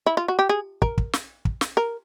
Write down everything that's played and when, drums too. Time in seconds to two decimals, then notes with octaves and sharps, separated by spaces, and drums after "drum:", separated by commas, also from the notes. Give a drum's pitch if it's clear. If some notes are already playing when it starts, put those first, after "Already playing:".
0.06 E4
0.17 F4
0.28 F#4
0.39 G4
0.49 G#4
0.82 A#4, drum: kick
0.98 drum: kick
1.13 drum: snare
1.45 drum: kick
1.61 drum: snare
1.77 A#4